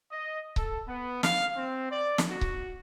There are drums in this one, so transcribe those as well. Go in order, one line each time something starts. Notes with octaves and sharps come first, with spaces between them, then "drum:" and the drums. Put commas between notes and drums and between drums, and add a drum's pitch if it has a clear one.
D#5
A4, drum: kick C#1
B3
F5, drum: snare
C4
D5
drum: snare
F#4
drum: kick C#1